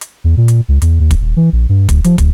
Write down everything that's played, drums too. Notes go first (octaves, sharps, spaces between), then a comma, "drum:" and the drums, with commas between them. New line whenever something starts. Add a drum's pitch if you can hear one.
drum: hi-hat
E2
A#2
drum: hi-hat
C#2
E2, drum: hi-hat
D#2
drum: kick, hi-hat
D#1
E3
A#1
G2
D2, drum: kick, hi-hat
F3, drum: hi-hat
D2, drum: kick, hi-hat